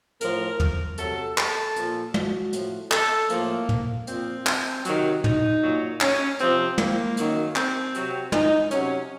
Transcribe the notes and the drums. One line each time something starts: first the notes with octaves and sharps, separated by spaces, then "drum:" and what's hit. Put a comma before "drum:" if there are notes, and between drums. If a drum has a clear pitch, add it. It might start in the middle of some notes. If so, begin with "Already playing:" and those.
A2 F3 A#4, drum: hi-hat
drum: tom
C3 F#3 A4, drum: hi-hat
A4, drum: clap
A#2 F3, drum: hi-hat
F#4, drum: tom
A2 F3, drum: hi-hat
A4, drum: clap
A2 F3 A#3, drum: hi-hat
drum: tom
A#2 F3 C4, drum: hi-hat
drum: clap
C3 D#3 F#3, drum: hi-hat
D#4, drum: tom
A#2 F#3
C#4, drum: clap
C3 F3 C4, drum: hi-hat
A#3, drum: tom
F#2 D#3 F#3, drum: hi-hat
C4, drum: clap
C3 F#3, drum: hi-hat
D#4, drum: tom
C3 F#3 C#4, drum: hi-hat